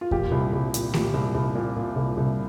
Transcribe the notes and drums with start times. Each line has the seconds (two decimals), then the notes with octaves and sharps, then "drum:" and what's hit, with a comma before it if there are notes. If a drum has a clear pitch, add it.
0.01 F4
0.11 A#2 G4, drum: kick E2
0.32 C2
0.53 C2
0.74 A#2, drum: hi-hat
0.94 A#2 G4, drum: snare A3
1.14 C2
1.35 C2
1.55 A#2
1.76 A#2
1.96 C2
2.17 C2